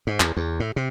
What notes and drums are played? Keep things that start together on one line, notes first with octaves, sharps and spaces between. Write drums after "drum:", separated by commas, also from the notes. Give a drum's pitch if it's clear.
G#2
E2, drum: clap
E2
A2
C3